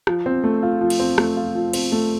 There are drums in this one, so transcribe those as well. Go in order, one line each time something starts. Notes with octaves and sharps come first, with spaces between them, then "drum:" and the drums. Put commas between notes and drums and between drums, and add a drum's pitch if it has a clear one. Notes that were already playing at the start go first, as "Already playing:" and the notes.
F3, drum: rim click
C4
A3
F4
F3
drum: cymbal
C4
A3, drum: rim click
F4
F3
C4, drum: cymbal
A3